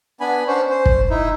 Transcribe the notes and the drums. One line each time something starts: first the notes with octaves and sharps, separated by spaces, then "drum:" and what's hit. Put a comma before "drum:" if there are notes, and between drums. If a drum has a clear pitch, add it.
B3 D4 G#5 B5
C#4 D4 C5 C#5
C5
drum: kick
D#4 E4